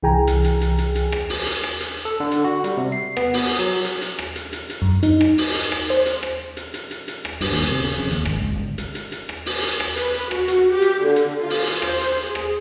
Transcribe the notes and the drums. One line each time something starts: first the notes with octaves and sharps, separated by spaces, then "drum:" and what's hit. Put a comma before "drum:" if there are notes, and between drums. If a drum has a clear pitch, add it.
C2 E3 G#4 G5 G#5 A#5
drum: hi-hat
drum: hi-hat
drum: hi-hat
drum: hi-hat
drum: hi-hat
drum: rim click
drum: open hi-hat
drum: hi-hat
drum: rim click
drum: hi-hat
A4
D3
drum: hi-hat
F#4
G3, drum: hi-hat
C3
C7
B3, drum: rim click
drum: open hi-hat
D#6
F#3
drum: hi-hat
drum: hi-hat
drum: rim click
drum: hi-hat
drum: hi-hat
drum: hi-hat
F#2
D#4, drum: hi-hat
drum: rim click
drum: open hi-hat
drum: hi-hat
drum: rim click
C5
drum: hi-hat
drum: rim click
drum: hi-hat
drum: hi-hat
drum: hi-hat
drum: hi-hat
drum: rim click
G2, drum: open hi-hat
D#2
C3
C#3
F2
D#2, drum: hi-hat
G#1, drum: rim click
C#2
G1
drum: hi-hat
drum: hi-hat
drum: hi-hat
drum: rim click
drum: open hi-hat
drum: hi-hat
drum: rim click
B4, drum: hi-hat
drum: hi-hat
F#4, drum: rim click
drum: hi-hat
G4
drum: hi-hat
D3
drum: hi-hat
F4
drum: open hi-hat
drum: hi-hat
C5, drum: rim click
drum: hi-hat
G#4
drum: rim click